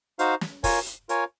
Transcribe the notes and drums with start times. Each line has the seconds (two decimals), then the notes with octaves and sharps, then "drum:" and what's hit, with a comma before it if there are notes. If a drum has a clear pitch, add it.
0.19 D#4 F#4 C5 F5, drum: hi-hat
0.41 drum: snare
0.64 F4 A#4 C#5 G#5, drum: kick, open hi-hat
0.86 drum: hi-hat
1.09 F4 A#4 C#5 G#5, drum: hi-hat